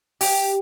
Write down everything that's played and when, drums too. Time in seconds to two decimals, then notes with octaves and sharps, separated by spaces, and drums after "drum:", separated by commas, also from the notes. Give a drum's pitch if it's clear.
0.21 G4, drum: open hi-hat